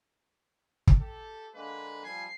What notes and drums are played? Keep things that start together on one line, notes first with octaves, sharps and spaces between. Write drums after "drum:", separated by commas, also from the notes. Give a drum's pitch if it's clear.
drum: kick
G4 A4
D3 G#3 A#3 B4
F3 G3 G#5 C7